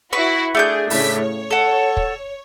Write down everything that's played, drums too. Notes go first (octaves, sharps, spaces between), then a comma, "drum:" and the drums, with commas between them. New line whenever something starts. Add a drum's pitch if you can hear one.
E4 F#4 B4 C#6
A3 D4 G#4 G6
A2 C#3 B6, drum: open hi-hat
C#5
A4 F#5
drum: kick